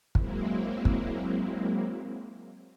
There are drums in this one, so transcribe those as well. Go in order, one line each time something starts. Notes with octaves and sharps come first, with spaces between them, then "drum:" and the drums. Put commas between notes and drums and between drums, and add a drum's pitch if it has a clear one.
F#3 G#3 A#3 C4 E4, drum: kick
drum: kick